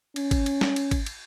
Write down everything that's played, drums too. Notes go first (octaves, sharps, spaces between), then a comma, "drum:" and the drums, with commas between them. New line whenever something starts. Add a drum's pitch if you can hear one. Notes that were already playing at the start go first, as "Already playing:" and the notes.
C#4, drum: cymbal
drum: kick G#1, cymbal
drum: cymbal
drum: snare
drum: cymbal
drum: kick G#1, cymbal
drum: cymbal